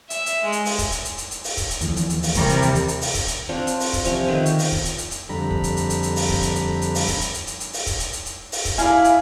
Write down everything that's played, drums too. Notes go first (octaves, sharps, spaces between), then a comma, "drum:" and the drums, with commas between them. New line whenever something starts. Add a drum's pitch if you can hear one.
E5, drum: hi-hat
drum: hi-hat
G#3
drum: hi-hat
drum: open hi-hat
drum: kick, hi-hat
drum: hi-hat
drum: hi-hat
drum: hi-hat
drum: hi-hat
drum: open hi-hat
drum: kick, hi-hat
drum: hi-hat
D#2 E3 F3, drum: hi-hat
drum: hi-hat
drum: hi-hat
drum: open hi-hat
C3 G3 A#4, drum: kick, hi-hat
drum: hi-hat
drum: hi-hat
drum: hi-hat
drum: hi-hat
drum: open hi-hat
drum: kick, hi-hat
drum: hi-hat
C4 D4 F4 C#5
drum: hi-hat
drum: open hi-hat
drum: kick, hi-hat
C3 F3 C#4 C#5, drum: hi-hat
D3 D#3 B3 D#4
drum: hi-hat
drum: open hi-hat
drum: kick
drum: hi-hat
drum: hi-hat
drum: hi-hat
F2 D3 G3 A#5 B5
drum: kick
drum: hi-hat
drum: hi-hat
drum: hi-hat
drum: hi-hat
drum: open hi-hat
drum: kick
drum: hi-hat
drum: hi-hat
drum: hi-hat
drum: open hi-hat
drum: kick, hi-hat
drum: hi-hat
drum: hi-hat
drum: hi-hat
drum: hi-hat
drum: open hi-hat
drum: kick, hi-hat
drum: hi-hat
drum: hi-hat
drum: hi-hat
drum: open hi-hat
drum: kick, hi-hat
E4 D5 F5 G#5, drum: hi-hat
drum: hi-hat